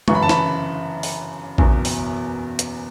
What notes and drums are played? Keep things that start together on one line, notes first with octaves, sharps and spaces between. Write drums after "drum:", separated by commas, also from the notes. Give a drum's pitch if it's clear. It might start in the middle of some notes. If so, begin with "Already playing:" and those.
G1 F#2 C#3 E3 C#6, drum: tom G#3
B5
A5
B5, drum: snare
drum: open hi-hat
F#1 E2 B2, drum: kick A1
drum: open hi-hat
drum: hi-hat